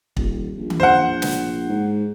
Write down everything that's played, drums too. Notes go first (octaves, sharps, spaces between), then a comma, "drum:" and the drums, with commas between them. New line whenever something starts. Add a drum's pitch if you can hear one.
D#1, drum: kick
A#1
drum: tom D#3
C5 F#5
drum: snare
G#2